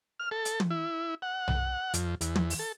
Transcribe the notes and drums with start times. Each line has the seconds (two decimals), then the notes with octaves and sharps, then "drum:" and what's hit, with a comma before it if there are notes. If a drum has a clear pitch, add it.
0.20 F6
0.31 A4
0.45 drum: hi-hat
0.60 drum: tom
0.70 E4
1.22 F#5
1.48 drum: tom B1
1.94 F2, drum: hi-hat
2.21 E2, drum: hi-hat
2.36 drum: tom
2.50 drum: open hi-hat
2.59 A4